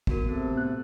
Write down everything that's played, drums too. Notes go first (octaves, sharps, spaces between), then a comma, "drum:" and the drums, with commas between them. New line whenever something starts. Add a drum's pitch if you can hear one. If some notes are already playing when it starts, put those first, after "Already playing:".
B3 F#4 A#4, drum: kick
C3 A3 C4 A4
A2 B3 F#6